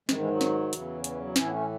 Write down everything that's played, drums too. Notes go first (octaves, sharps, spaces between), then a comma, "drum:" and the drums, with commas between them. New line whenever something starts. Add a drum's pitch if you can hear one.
G#2 D#3 E3 G#3, drum: snare
E3 G#3
F#3
drum: snare
E2 C#3 E3, drum: hi-hat
E3, drum: hi-hat
F#3
A2 E3 C#4 E4, drum: snare
B3
A3 C#4